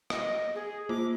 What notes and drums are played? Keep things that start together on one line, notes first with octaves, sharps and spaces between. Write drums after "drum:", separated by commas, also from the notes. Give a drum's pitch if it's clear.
D#5, drum: rim click
G#4
A#3 F4 C5 D6